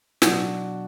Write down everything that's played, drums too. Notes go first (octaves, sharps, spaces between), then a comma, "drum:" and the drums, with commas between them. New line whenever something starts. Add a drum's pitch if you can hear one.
B2 F#3 D4 F#4, drum: snare